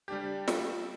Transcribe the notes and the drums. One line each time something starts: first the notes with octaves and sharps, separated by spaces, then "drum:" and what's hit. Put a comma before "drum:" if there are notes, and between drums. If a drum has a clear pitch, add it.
G3 D4 G4
drum: snare